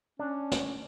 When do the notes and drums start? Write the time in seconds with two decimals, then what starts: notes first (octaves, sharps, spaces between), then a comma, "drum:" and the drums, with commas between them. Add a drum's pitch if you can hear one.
0.19 C#4 D4
0.52 drum: snare